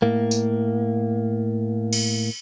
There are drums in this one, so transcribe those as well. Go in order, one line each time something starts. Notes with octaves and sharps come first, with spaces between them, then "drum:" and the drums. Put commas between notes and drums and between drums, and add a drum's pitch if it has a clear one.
A2 A#3
drum: tambourine
drum: cymbal